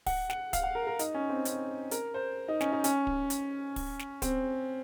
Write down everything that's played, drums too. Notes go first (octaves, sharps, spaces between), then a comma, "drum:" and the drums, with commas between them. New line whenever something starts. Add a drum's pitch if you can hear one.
F#5, drum: kick, open hi-hat
F#5, drum: snare
F5, drum: kick, hi-hat
F#5
A#4
A#4
D#4, drum: hi-hat
C#4
C4
C#4, drum: hi-hat
A#4, drum: hi-hat
C5
D#4
C#4, drum: snare
D#4
C#4, drum: hi-hat
drum: kick
drum: hi-hat
drum: kick, open hi-hat
drum: snare
C4, drum: kick, hi-hat